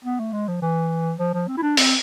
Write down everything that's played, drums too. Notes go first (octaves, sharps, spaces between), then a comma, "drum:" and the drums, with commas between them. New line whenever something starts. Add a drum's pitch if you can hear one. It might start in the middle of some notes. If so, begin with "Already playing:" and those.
B3
A3
G#3
F3
E3
F3
F3
C4
E4
D4
C4, drum: open hi-hat